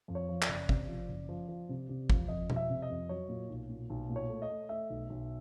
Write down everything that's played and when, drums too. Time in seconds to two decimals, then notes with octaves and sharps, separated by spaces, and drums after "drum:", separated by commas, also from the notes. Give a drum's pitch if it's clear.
0.08 F2
0.15 C#5
0.29 F3
0.42 D5, drum: clap
0.48 F#1
0.69 C3, drum: kick G1
0.88 F3
1.08 F#1
1.29 F3
1.49 F3
1.69 C3
1.89 C3
2.10 F3, drum: kick G1
2.28 F2 D#5
2.50 F3, drum: tom B2
2.56 E5
2.70 C3
2.82 D#5
2.90 F2
3.09 F#3 C#5
3.29 A#2
3.49 B1
3.69 A#2
3.90 B1
4.09 A#2
4.16 C#5
4.30 A3
4.42 D#5
4.50 A3
4.69 A3 E5
4.90 B1
5.10 B1